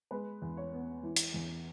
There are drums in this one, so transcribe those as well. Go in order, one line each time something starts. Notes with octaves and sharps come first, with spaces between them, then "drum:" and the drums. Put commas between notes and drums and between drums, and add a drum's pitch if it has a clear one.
G#3 B4
E2
C#5
B3
E3
drum: hi-hat
E2